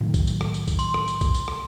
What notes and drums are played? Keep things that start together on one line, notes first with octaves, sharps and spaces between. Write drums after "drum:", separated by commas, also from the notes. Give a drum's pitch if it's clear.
A2 D#3 F#3
drum: kick B1, tambourine
drum: tambourine
drum: rim click
drum: tambourine
drum: kick B1, tambourine
C6, drum: tambourine
drum: rim click
drum: tambourine
drum: kick B1, tambourine
drum: tambourine
drum: rim click